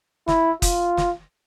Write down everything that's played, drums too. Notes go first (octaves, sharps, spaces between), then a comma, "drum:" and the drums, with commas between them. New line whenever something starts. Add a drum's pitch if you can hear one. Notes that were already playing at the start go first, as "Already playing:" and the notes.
E4, drum: snare
F4, drum: kick, hi-hat
drum: snare